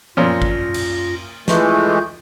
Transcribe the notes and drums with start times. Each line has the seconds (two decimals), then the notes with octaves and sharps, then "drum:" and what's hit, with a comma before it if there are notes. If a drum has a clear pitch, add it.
0.17 F#2 A#2 F3 C#4 F4 A#6
0.42 drum: kick G#1
0.74 drum: cymbal
1.48 E3 G#3 A3 F4 G6, drum: snare